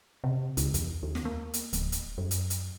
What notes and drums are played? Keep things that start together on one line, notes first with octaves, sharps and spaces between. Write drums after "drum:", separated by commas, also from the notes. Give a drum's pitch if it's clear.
C3
C#2, drum: hi-hat
E2, drum: hi-hat
D#2
drum: snare
A#3
drum: hi-hat
D1, drum: hi-hat
drum: hi-hat
F#2
drum: hi-hat
drum: hi-hat